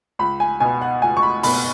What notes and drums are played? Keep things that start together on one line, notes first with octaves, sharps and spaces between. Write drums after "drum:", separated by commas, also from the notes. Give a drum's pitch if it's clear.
C#2 B5
G#5
B2 B3 G#5
F#5
C#2 G#5
C#6
B5
B2 B3 B5, drum: open hi-hat